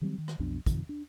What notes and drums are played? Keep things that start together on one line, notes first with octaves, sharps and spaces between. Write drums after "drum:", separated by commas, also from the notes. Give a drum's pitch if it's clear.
D#3 F#3 G3 C4
D#3
drum: rim click
B1 F2 B2 D4
F#2 C3 D#3 F3, drum: kick, hi-hat
D4